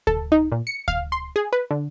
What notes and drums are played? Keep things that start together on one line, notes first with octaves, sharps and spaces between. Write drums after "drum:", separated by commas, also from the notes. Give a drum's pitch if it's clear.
A4, drum: kick D2
D#4
A#2
C#7
F5, drum: kick D2
C6
G#4
B4
D3